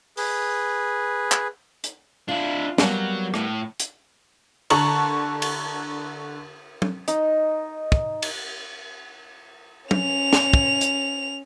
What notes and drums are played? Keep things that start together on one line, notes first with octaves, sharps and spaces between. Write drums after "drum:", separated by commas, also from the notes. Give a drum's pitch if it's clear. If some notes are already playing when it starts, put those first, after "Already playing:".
G#4 B4, drum: open hi-hat
drum: clap
drum: hi-hat
D4 E4 F4
F#3 G3 A#3 B3, drum: snare
A2, drum: rim click
drum: hi-hat
D3 A5 A#5 C#6 F#7, drum: cymbal
drum: cymbal
drum: tom
D#4, drum: hi-hat
drum: kick
drum: cymbal
C#4 F7, drum: tom
drum: snare
drum: kick
drum: hi-hat